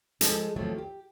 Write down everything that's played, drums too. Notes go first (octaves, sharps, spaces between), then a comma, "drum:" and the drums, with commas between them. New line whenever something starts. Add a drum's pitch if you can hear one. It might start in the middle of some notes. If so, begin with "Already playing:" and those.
F3 G#3 G#4 A4, drum: hi-hat
D#2 F3 F#3 A3 A#3 C4
G4